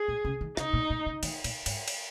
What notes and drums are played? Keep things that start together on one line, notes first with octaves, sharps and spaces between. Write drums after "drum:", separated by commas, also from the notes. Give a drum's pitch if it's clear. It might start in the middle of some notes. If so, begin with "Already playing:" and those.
Already playing: G#4
A#2
C#3
D#3
C#3 D#4, drum: rim click
A#2
A#2
C#3
D#3, drum: cymbal
A#2, drum: cymbal
G#2, drum: cymbal
drum: cymbal